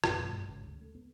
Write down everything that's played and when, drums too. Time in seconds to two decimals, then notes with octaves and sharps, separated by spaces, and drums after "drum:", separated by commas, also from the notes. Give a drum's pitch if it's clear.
0.04 A#1 F#2 A2 C3, drum: rim click
0.19 G2 B2 F#3 G#3
0.48 G#1 C#3
0.63 D2
0.81 A3
0.95 B3